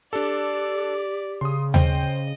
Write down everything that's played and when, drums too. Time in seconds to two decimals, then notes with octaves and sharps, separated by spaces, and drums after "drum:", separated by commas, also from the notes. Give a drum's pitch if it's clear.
0.13 D4 G4 A4 D5
1.41 C#3 C6 D#6
1.74 C5 D#5 G5, drum: tom D#2